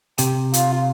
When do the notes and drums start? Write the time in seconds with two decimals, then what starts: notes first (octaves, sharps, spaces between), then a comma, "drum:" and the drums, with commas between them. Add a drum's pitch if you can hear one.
0.18 C3 G4, drum: hi-hat
0.54 F4, drum: hi-hat